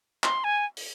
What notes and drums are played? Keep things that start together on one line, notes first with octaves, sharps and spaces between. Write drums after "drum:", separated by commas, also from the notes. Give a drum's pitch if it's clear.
C6, drum: clap
G#5
drum: open hi-hat